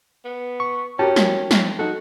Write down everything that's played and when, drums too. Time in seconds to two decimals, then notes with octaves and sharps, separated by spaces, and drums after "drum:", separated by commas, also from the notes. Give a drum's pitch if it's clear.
0.25 B3
0.60 C#6
0.99 C#4 F#4 G4 A#4 G5 A5
1.16 drum: snare
1.51 drum: snare
1.79 D#4 F#4 A4